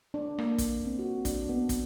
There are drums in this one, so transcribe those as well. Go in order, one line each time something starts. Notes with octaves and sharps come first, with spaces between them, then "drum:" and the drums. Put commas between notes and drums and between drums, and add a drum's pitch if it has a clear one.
D4
A#3, drum: rim click
drum: kick, hi-hat
C4
F#4
D4, drum: kick, hi-hat
B3
drum: kick, hi-hat